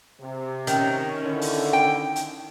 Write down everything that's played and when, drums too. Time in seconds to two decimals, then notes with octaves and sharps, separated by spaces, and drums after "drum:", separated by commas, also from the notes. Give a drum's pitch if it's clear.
0.19 C3
0.67 D#3 C#4, drum: hi-hat
1.24 D3 E4
1.41 drum: open hi-hat
1.73 G5
2.16 drum: hi-hat